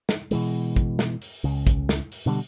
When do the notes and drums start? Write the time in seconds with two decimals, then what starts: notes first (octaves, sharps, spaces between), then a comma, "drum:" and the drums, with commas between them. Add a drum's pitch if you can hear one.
0.09 drum: snare
0.31 B2 E3 G#3, drum: open hi-hat
0.76 drum: kick, hi-hat
0.99 drum: snare
1.22 drum: open hi-hat
1.44 C#2 C#3
1.67 drum: kick, hi-hat
1.89 drum: snare
2.12 drum: open hi-hat
2.26 B2 D3 E3 G3